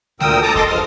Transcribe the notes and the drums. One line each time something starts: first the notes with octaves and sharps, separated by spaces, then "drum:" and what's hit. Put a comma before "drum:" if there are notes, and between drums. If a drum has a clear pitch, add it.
D2 A#2 A#4 G5 D#6 E6, drum: snare G#3
A4 A5 A#5 D6 D#6
A4 D#5 C6 D6, drum: kick E2
G2 F3 G#3 D#6 F6